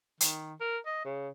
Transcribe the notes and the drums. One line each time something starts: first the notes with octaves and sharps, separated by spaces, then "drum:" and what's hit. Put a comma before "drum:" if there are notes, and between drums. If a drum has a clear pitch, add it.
D#3, drum: hi-hat
A#4
D#5
C#3